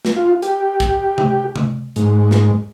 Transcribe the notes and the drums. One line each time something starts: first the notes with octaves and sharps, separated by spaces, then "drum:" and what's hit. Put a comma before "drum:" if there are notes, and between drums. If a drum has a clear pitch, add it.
drum: snare
F4
G4, drum: hi-hat
drum: kick, hi-hat
drum: tom C3
drum: tom C3
G#2, drum: hi-hat
drum: snare